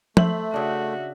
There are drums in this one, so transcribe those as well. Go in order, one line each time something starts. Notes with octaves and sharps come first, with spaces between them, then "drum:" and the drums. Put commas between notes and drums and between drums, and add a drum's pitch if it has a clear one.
A3 C5 E5 F#7, drum: tom F3
C#3 D4 F#4